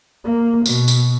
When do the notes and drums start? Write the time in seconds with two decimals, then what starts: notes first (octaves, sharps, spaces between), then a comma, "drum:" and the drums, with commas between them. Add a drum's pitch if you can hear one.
0.24 A#3
0.66 B2, drum: tambourine
0.88 drum: tambourine